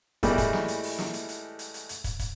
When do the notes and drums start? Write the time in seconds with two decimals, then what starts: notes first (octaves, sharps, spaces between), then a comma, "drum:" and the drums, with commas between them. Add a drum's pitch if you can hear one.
0.23 A2 E3 G3 G#3, drum: kick, hi-hat
0.38 drum: kick, hi-hat
0.53 drum: snare
0.68 drum: hi-hat
0.83 drum: open hi-hat
0.98 drum: snare
1.14 drum: hi-hat
1.29 drum: hi-hat
1.59 drum: hi-hat
1.74 drum: hi-hat
1.89 drum: hi-hat
2.04 drum: kick, hi-hat
2.19 drum: kick, hi-hat